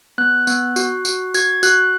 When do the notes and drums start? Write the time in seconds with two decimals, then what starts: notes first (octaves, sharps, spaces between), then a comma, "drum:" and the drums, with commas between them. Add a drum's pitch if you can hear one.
0.18 B3 F#6
0.47 B3, drum: tambourine
0.76 F#4, drum: tambourine
1.05 F#4, drum: tambourine
1.34 F#4 G#6, drum: tambourine
1.63 F#4 F#6, drum: tambourine